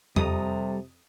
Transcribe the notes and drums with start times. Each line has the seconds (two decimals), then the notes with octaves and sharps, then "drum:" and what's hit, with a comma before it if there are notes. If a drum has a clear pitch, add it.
0.16 F2 C3 G3 A4 A#5 D#6, drum: tom E2